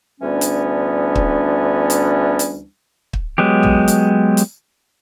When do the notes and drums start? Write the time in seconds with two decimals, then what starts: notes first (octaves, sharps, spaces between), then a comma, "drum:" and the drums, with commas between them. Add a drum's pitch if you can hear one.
0.21 D2 E3 G3 B3 C#4 D4
0.41 drum: hi-hat
1.15 drum: kick
1.90 drum: hi-hat
2.39 drum: hi-hat
3.13 drum: kick
3.38 F#3 G#3 B3 G4
3.63 drum: tom B1
3.88 drum: hi-hat
4.37 drum: hi-hat